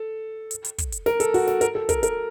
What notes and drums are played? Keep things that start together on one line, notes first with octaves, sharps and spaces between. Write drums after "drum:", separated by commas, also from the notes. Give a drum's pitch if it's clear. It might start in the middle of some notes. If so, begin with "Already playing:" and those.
Already playing: A4
drum: hi-hat
drum: hi-hat
drum: kick, hi-hat
drum: hi-hat
A#4, drum: snare
A4, drum: hi-hat
F#4, drum: open hi-hat
A4, drum: snare
A#4, drum: hi-hat
A4
A#4, drum: kick, hi-hat
A#4, drum: hi-hat